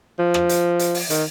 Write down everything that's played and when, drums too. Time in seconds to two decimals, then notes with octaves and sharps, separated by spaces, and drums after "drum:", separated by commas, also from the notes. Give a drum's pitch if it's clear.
0.19 F3
0.34 drum: rim click
0.49 drum: hi-hat
0.79 drum: hi-hat
0.94 drum: open hi-hat
1.10 D#3, drum: hi-hat